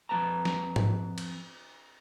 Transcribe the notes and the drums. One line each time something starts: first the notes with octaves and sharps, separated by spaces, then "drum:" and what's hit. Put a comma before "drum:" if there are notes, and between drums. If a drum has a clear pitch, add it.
F2 A#3 B4 A5 A#5
drum: snare
drum: tom G#2
drum: cymbal